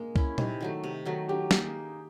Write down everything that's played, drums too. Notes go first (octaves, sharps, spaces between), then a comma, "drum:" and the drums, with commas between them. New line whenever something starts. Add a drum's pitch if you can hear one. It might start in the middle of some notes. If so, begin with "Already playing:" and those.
Already playing: G#3 A#3
C#4 E4, drum: kick C2
C3 D#4, drum: tom A#2
D#3 F#3 A3
C3
D#3 F#3 A3
F#3 G4
A#3 D#4 G#4, drum: snare